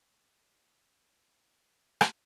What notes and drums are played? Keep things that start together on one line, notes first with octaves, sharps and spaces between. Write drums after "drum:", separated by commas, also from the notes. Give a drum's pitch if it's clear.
G2 B2 A#3
G#2 D#3 F3 G3 C#5 D#5
drum: rim click